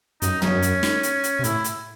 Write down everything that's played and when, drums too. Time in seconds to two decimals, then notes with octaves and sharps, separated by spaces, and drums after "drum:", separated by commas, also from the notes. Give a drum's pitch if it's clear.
0.22 F#2 D#4, drum: hi-hat
0.42 F#2 C#4, drum: tom
0.62 drum: hi-hat
0.83 drum: snare
1.03 drum: hi-hat
1.24 drum: hi-hat
1.39 C3
1.44 A2 E4, drum: hi-hat
1.64 drum: hi-hat